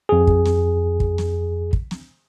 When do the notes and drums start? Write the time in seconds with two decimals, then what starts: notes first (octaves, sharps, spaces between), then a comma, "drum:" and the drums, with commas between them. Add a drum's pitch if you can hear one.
0.09 F2 G#4
0.27 drum: kick
0.46 drum: snare
1.00 drum: kick
1.18 drum: snare
1.73 drum: kick
1.91 drum: snare